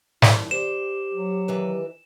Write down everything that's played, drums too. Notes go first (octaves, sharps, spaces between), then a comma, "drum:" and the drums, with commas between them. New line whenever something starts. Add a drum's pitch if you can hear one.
F#2 G3 E4, drum: snare
G4 C5 E7
F#3
D#3 E3 B4